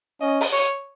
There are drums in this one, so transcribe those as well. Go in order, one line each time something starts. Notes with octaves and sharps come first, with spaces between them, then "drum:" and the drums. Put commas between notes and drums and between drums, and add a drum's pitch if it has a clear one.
C#4 D#5
drum: open hi-hat
C#5